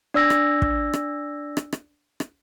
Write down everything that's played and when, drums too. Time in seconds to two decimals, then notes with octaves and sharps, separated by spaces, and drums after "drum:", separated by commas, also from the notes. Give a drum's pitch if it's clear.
0.14 D4 D5 E6 A#6
0.30 drum: rim click
0.62 drum: kick
0.93 drum: rim click
1.57 drum: rim click
1.72 drum: rim click
2.20 drum: rim click